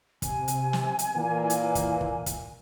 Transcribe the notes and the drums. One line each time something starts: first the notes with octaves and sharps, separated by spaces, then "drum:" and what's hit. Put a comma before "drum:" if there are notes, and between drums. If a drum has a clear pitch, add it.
C3 G#5, drum: kick, hi-hat
drum: hi-hat
drum: snare
drum: hi-hat
A#2 E3 A#3
drum: hi-hat
drum: kick, hi-hat
drum: kick
drum: kick, hi-hat